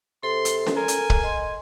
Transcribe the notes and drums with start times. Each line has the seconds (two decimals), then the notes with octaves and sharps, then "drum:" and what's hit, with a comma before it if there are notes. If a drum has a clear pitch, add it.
0.23 C3 A4 C6
0.45 drum: hi-hat
0.67 drum: snare C#4
0.76 A#4 G#5
0.88 drum: hi-hat
1.10 drum: kick
1.23 D#5 C6